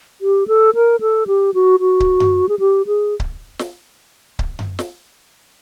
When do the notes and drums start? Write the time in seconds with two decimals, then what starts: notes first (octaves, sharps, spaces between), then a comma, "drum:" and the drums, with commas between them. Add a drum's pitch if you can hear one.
0.21 G4
0.48 A4
0.75 A#4
1.01 A4
1.27 G4
1.54 F#4
1.80 F#4
2.00 drum: kick C#1
2.20 drum: tom F#2
2.49 G#4
2.59 G4
2.87 G#4
3.20 drum: kick C#1
3.59 drum: snare
4.39 drum: kick C#1
4.59 drum: tom F#2
4.79 drum: snare